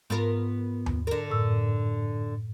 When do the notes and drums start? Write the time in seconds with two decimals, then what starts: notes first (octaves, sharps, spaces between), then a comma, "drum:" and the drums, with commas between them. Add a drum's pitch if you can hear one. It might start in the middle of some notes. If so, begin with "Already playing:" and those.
0.10 G#2 B3 F4 A#4
0.86 drum: tom D#2
1.07 D3 A#4
1.30 F#2 A2 E6